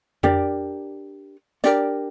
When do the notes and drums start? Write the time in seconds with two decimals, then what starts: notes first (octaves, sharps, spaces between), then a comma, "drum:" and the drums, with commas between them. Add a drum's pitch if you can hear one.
0.23 D4 G4 A#4 D5, drum: tom F2
1.64 D4 G4 A#4 D5, drum: hi-hat